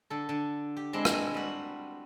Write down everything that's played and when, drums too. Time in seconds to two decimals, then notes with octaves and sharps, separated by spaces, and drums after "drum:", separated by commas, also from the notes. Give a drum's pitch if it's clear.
0.10 D3 A4
0.29 D3
0.77 G4
0.93 G#3 C4 D4 E4
1.05 drum: rim click
1.34 G3 F#4